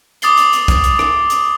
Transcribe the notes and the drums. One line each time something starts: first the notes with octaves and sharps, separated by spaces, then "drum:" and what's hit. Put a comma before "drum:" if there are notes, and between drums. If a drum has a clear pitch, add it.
D6 D#6 A6 C7 G7, drum: hi-hat
drum: hi-hat
drum: hi-hat
drum: kick B1, hi-hat
drum: hi-hat
drum: rim click
drum: hi-hat